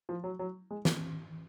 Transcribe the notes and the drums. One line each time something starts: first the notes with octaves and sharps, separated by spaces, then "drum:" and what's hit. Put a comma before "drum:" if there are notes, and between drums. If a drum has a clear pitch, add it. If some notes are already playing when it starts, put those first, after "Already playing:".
F3
F#3
F#3
G#3
A#3, drum: snare